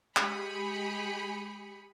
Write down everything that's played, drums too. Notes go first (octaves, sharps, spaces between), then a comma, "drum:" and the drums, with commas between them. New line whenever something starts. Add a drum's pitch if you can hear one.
G#3 G4 G#4 B5 C#7, drum: clap